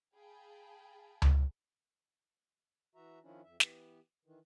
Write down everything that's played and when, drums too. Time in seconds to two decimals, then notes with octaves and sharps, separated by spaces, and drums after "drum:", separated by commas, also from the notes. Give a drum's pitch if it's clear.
0.15 G#4 F5 G5 A5 B5
1.22 drum: tom C#2
2.95 E3 F#4 E5 A#5
3.23 D#3 F3 C#4 D4 E4
3.44 F2 E5
3.60 E3 B3 G4, drum: snare
4.25 D#3 E3